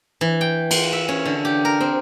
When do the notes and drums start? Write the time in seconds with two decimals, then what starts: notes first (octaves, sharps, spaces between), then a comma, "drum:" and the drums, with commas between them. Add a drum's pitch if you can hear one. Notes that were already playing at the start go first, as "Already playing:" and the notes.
0.21 E3
0.41 G5
0.71 C6, drum: cymbal
0.93 E5
1.09 C#4
1.25 D3
1.45 G4
1.65 A#4
1.80 C4